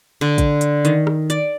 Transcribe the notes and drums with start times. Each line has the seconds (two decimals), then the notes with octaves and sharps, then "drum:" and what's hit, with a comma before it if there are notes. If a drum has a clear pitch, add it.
0.21 D3
0.38 drum: kick, hi-hat
0.61 drum: hi-hat
0.85 D#3, drum: hi-hat
1.07 drum: rim click
1.30 D5, drum: hi-hat